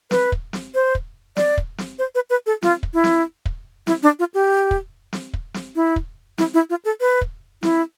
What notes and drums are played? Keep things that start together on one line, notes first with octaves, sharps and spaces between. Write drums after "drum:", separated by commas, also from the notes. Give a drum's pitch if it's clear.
B4, drum: snare
drum: kick
drum: snare
C5
drum: kick
D5, drum: snare
drum: kick
drum: snare
C5
B4
B4
A4
F4, drum: snare
drum: kick
E4
drum: snare
drum: kick
E4, drum: snare
D4
F4
G4
drum: kick
drum: snare
drum: kick
drum: snare
E4
drum: kick
E4, drum: snare
E4
F4
A4
B4
drum: kick
E4, drum: snare